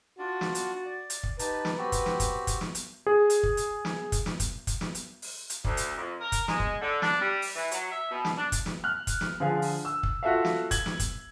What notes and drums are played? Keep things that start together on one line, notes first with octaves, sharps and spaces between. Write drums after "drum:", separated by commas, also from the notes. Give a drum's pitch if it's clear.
D4 F4 F#4 D5
drum: snare
drum: hi-hat
D5
drum: hi-hat
drum: kick
D#4 G4 B4 A5, drum: hi-hat
drum: snare
C4 F#4 G4
drum: kick, hi-hat
drum: snare
drum: kick, hi-hat
drum: kick, hi-hat
drum: snare
drum: hi-hat
G#4
drum: hi-hat
drum: kick
drum: hi-hat
drum: snare
drum: kick, hi-hat
drum: snare
drum: kick, hi-hat
drum: kick, hi-hat
drum: snare
drum: hi-hat
drum: open hi-hat
drum: hi-hat
D2, drum: kick
drum: hi-hat
F2
A#4
drum: kick, hi-hat
G#3, drum: snare
drum: kick
D3
D4, drum: snare
G3
drum: open hi-hat
E3
F#3, drum: hi-hat
E5
B2
drum: snare
D4
drum: kick, hi-hat
drum: snare
F6 F#6
drum: kick, hi-hat
drum: snare
D3 F3 F4 G#4
drum: open hi-hat
E6
drum: kick
F4 F#4 A4 E5 F5
drum: snare
G#6 F#7, drum: kick, hi-hat
drum: snare
drum: kick, hi-hat